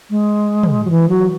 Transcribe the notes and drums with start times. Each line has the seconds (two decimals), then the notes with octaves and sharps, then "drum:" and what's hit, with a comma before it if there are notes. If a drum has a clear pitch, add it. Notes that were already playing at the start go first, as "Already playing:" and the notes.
0.10 G#3
0.63 drum: tom
0.85 F#3
0.90 E3
1.09 F#3